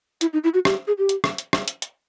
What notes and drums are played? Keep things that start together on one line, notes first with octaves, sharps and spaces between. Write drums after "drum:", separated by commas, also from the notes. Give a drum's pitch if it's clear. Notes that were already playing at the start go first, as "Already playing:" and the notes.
E4, drum: hi-hat
D#4
E4
F#4
G4, drum: rim click
G#4
G4
drum: hi-hat
drum: rim click
drum: hi-hat
drum: rim click
drum: hi-hat
drum: hi-hat